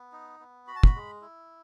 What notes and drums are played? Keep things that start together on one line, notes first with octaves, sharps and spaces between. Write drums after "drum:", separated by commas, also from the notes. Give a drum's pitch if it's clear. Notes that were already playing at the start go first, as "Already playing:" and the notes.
Already playing: B3
D#4
B3
F#4 B5
A5
B5, drum: kick
G#3
E4